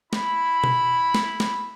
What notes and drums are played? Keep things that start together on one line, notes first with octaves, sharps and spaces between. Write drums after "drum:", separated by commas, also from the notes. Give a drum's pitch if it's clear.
E4 B5, drum: snare
drum: tom B2
drum: snare
drum: snare